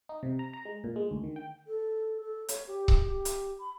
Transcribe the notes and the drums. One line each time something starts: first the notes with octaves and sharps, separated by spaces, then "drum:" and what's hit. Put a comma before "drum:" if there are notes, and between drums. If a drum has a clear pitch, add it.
D#4
C3
A#5
A#5
G#3
A#2
G#3
D2
D#3
G5
A4
A4
C#5, drum: hi-hat
G4
drum: kick C#1
G4
drum: hi-hat
B5